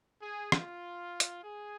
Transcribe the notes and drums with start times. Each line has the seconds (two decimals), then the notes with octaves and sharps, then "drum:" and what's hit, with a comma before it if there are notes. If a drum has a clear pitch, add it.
0.22 G#4
0.52 F4, drum: rim click
1.20 drum: hi-hat
1.43 G#4